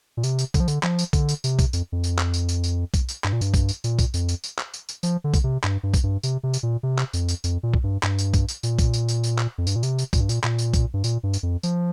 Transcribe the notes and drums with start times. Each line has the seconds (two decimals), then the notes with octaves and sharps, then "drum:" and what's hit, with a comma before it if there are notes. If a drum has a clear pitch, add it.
0.17 A#2
0.23 C3, drum: tambourine
0.39 drum: tambourine
0.54 D3, drum: kick B1, tambourine
0.60 F3
0.68 D3, drum: tambourine
0.83 F3, drum: clap
0.99 drum: tambourine
1.13 D3, drum: kick B1, tambourine
1.29 drum: tambourine
1.44 C3, drum: tambourine
1.59 drum: kick B1, tambourine
1.73 F2, drum: tambourine
1.92 F2
2.04 drum: tambourine
2.19 drum: clap
2.34 drum: tambourine
2.49 drum: tambourine
2.64 drum: tambourine
2.94 drum: kick B1, tambourine
3.09 drum: tambourine
3.24 G2, drum: clap
3.33 A#2
3.41 G2, drum: tambourine
3.54 drum: kick B1, tambourine
3.69 drum: tambourine
3.84 A#2, drum: tambourine
3.99 drum: kick B1, tambourine
4.14 F2, drum: tambourine
4.29 drum: tambourine
4.44 drum: tambourine
4.59 drum: clap
4.74 drum: tambourine
4.89 drum: tambourine
5.03 F3, drum: tambourine
5.24 D3
5.34 drum: kick B1, tambourine
5.44 C3
5.64 G2, drum: clap
5.83 G2
5.94 drum: kick B1, tambourine
6.03 G2
6.23 C3, drum: tambourine
6.43 C3
6.54 drum: tambourine
6.63 A#2
6.83 C3
6.99 drum: clap
7.13 F2, drum: tambourine
7.29 drum: tambourine
7.44 F2, drum: tambourine
7.63 A#2
7.74 drum: kick B1
7.84 G2
8.03 G2, drum: clap
8.19 drum: tambourine
8.34 drum: kick B1, tambourine
8.49 drum: tambourine
8.63 A#2, drum: tambourine
8.79 drum: kick B1, tambourine
8.94 drum: tambourine
9.09 drum: tambourine
9.24 drum: tambourine
9.39 drum: clap
9.58 F2
9.67 G2, drum: tambourine
9.76 A#2
9.83 C3, drum: tambourine
9.99 drum: tambourine
10.13 A#2, drum: kick B1, tambourine
10.21 G2
10.29 A#2, drum: tambourine
10.44 A#2, drum: clap
10.59 drum: tambourine
10.74 drum: kick B1, tambourine
10.94 G2
11.04 A#2, drum: tambourine
11.23 G2
11.34 drum: tambourine
11.43 F2
11.63 F3, drum: tambourine